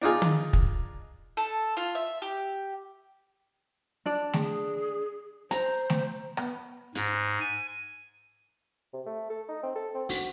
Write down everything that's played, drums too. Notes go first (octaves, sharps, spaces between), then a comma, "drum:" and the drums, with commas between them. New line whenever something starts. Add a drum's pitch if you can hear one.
D4 D#4 F4 G#4
drum: tom
drum: kick
A4
F4
E5
G4
D4 D5
G#4, drum: snare
C5 A#5, drum: hi-hat
drum: snare
B3, drum: rim click
G#2, drum: hi-hat
G#5
C3
A3
A4
D#4
C4
A4
C4
F#4, drum: open hi-hat